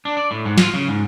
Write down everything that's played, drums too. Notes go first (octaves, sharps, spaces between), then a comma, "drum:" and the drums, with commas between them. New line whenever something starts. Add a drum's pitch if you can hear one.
D4
D5
A2
G#2
F4, drum: snare
C#3
G#2